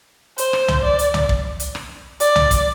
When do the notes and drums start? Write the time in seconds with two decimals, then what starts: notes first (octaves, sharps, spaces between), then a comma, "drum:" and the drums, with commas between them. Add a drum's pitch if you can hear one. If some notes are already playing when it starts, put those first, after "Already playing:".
0.38 C5, drum: hi-hat
0.53 drum: rim click
0.68 drum: tom C2
0.84 D5
0.99 drum: hi-hat
1.14 drum: tom C2
1.29 drum: kick
1.60 drum: hi-hat
1.75 drum: rim click
2.20 D5, drum: hi-hat
2.36 drum: tom C2
2.51 drum: kick, hi-hat